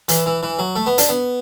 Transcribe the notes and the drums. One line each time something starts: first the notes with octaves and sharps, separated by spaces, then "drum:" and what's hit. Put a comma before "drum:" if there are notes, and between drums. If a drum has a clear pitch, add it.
E3, drum: hi-hat
E3
E3
F#3
A3
B3
D4, drum: hi-hat
B3